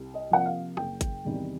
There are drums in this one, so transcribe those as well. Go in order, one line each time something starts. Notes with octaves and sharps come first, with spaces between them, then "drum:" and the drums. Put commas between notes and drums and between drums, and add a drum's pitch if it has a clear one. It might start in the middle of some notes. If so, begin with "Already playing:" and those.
Already playing: C2
D#5
C3 F3 A#3 F#5
F5
F#1 G5, drum: rim click
drum: kick G#1, hi-hat
E2 C3 D#3 G3